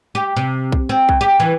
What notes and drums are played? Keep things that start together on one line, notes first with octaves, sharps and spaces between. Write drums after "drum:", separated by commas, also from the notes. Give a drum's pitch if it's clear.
G4
C3
drum: kick B1
C4
drum: kick B1
G4
E3